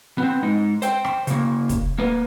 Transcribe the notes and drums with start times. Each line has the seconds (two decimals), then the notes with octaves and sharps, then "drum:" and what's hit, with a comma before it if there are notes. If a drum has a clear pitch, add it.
0.18 B3 C4
0.43 G#3 D#4
0.82 C5 G5, drum: hi-hat
1.05 drum: rim click
1.27 C#3 A#3, drum: hi-hat
1.69 drum: kick, hi-hat
1.98 A#3 B4